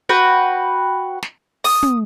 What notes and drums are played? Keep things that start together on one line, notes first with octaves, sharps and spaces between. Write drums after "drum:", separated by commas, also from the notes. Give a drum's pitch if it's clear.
F#4 B4 G5
drum: snare
D#6, drum: open hi-hat
drum: tom